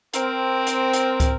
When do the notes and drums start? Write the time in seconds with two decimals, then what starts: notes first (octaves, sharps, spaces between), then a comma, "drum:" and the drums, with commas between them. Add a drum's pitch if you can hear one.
0.14 C4 A#4, drum: hi-hat
0.67 drum: hi-hat
0.93 drum: hi-hat
1.20 drum: kick, hi-hat